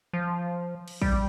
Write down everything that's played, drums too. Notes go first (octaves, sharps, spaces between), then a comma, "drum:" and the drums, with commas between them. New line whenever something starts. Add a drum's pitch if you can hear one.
F3
drum: cymbal
G3, drum: kick